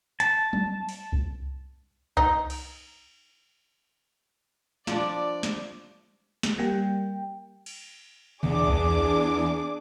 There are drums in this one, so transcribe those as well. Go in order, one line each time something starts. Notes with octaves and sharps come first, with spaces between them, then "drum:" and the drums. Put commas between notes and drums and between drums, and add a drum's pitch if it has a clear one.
A5, drum: hi-hat
drum: tom F#3
drum: open hi-hat
drum: kick C2
D#4, drum: kick C2
drum: cymbal
F3 D4 D5, drum: snare
drum: snare
drum: snare
G3 A#3 G5
drum: cymbal
E2 D4 G#4 D6, drum: tom B2
drum: kick C2